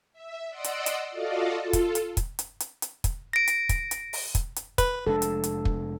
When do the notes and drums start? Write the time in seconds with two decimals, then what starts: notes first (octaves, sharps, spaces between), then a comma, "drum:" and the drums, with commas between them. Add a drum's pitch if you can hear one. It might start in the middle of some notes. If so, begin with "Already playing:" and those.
0.13 E5
0.49 D5 D#5 F#5 C6 D6 E6
0.64 drum: hi-hat
0.86 drum: hi-hat
1.11 F4 F#4 A4 D5 D#5 F5
1.59 F4 A4
1.73 drum: kick, hi-hat
1.95 drum: hi-hat
2.17 drum: kick, hi-hat
2.39 drum: hi-hat
2.60 drum: hi-hat
2.82 drum: hi-hat
3.04 drum: kick, hi-hat
3.33 A#6 D7
3.48 drum: hi-hat
3.69 drum: kick, hi-hat
3.91 drum: hi-hat
4.13 drum: open hi-hat
4.35 drum: kick, hi-hat
4.56 drum: hi-hat
4.78 B4, drum: kick, hi-hat
5.07 F1 G#3 D4 A4
5.22 drum: hi-hat
5.44 drum: hi-hat
5.65 drum: kick